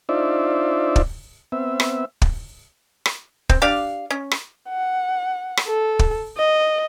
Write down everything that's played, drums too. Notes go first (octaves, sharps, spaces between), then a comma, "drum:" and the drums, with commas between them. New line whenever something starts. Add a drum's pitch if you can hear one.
D4 D#4 F4 C5 D5 E5
drum: kick
B3 C4 E5
drum: rim click
drum: kick
drum: rim click
C4, drum: kick
D4 G4 D5 F5
C#4
drum: rim click
F#5
drum: rim click
A4
drum: kick
D#5